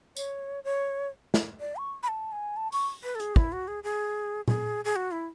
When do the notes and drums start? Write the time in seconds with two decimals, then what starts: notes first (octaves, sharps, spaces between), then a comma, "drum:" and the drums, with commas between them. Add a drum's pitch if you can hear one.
0.16 C#5, drum: tambourine
0.64 C#5
1.34 drum: snare
1.60 D5
1.77 C#6
2.03 B5
2.08 A5
2.32 G#5
2.56 A5
2.72 C#6, drum: open hi-hat
3.04 B4
3.15 A4
3.20 G#4, drum: hi-hat
3.36 E4, drum: kick
3.52 F#4
3.68 G#4
3.84 G#4
4.48 G#4, drum: tom A#2
4.85 G#4
4.96 F#4
5.12 E4